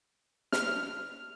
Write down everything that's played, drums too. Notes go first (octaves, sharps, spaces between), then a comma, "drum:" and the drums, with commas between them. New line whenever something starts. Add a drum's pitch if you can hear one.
F6, drum: snare